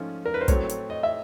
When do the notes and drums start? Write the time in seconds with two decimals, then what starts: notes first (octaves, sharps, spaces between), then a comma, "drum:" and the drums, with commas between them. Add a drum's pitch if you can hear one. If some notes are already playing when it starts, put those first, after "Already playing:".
Already playing: G#2 F3 A3 C#4
0.25 A#4
0.34 B4
0.41 C5
0.48 A2 F#3 A3 C4 C#5, drum: kick, hi-hat
0.69 drum: hi-hat
0.90 D#5
1.03 E5